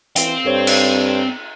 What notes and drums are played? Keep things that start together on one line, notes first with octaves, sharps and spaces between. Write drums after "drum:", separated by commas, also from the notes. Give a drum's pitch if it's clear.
E3 C4 F5 G5, drum: hi-hat
G2 A4 C5 C#5
drum: cymbal